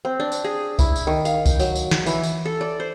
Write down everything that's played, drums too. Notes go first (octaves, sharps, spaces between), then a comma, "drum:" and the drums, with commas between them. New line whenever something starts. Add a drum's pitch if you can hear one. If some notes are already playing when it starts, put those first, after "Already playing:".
C4
D4
drum: tambourine
G#4
E4, drum: kick C2, tambourine
drum: tambourine
D#3
F5, drum: tambourine
G5, drum: kick C2, tambourine
F#3, drum: tambourine
drum: tambourine
drum: snare
E3, drum: tambourine
drum: tambourine
A4
D5
C5